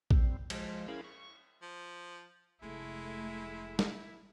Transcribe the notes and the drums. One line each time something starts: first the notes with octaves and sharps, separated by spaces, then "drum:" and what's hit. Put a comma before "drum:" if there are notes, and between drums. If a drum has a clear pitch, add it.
G3 C4, drum: kick
F3 G#3, drum: cymbal
C#4 E4 G#4 A#4 F5 B5
C#6
F3
F1 G#3 A3 C4 E4
drum: snare